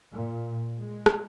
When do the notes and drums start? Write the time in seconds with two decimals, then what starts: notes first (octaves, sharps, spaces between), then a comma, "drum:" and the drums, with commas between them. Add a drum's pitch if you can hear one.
0.13 A#2
0.80 G#3
1.06 drum: rim click